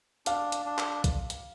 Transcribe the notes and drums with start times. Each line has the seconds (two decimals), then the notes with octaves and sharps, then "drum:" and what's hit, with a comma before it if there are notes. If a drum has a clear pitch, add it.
0.26 D4 F5, drum: hi-hat
0.52 drum: hi-hat
0.66 D4
0.78 drum: clap
1.04 drum: kick B1, hi-hat
1.30 drum: hi-hat